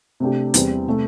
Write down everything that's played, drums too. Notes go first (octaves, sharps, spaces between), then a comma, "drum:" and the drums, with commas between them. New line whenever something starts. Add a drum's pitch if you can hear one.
C3 A3 D4 G4
E2 E3 G3 C4, drum: hi-hat
C3 A3